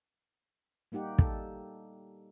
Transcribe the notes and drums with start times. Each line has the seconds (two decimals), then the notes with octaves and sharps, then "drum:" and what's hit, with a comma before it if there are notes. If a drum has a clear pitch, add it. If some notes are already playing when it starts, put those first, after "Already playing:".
0.92 G3 A#3 D#4 G4 F#5
1.18 A4, drum: kick